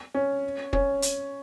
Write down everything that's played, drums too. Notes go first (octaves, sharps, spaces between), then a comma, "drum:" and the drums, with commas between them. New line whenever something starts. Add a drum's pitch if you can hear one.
C#4
C#4, drum: kick
drum: hi-hat